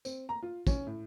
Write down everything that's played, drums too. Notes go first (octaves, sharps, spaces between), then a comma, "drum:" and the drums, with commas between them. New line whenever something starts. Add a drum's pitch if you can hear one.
C4, drum: tambourine
A#5
F4
C#4, drum: kick, tambourine
A2